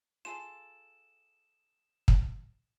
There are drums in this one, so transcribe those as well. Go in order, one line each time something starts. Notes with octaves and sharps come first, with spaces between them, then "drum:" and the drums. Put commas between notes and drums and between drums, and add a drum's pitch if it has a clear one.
F4 G#4 A4 E7
drum: kick